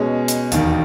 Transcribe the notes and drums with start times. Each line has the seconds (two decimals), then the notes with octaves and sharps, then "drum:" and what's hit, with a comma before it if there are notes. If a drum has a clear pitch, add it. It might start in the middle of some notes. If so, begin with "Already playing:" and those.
Already playing: B2 G#3 C#4
0.28 drum: hi-hat
0.52 E1 D#2 D#3, drum: hi-hat